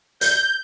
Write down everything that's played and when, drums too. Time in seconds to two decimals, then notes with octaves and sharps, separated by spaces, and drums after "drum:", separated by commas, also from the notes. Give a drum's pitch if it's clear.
0.21 G6, drum: hi-hat